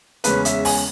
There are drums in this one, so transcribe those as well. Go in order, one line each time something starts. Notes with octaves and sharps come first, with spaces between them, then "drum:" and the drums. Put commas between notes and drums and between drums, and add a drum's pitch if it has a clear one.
E2 C#3 G#3 C#4 B4, drum: hi-hat
E5, drum: hi-hat
G#5, drum: open hi-hat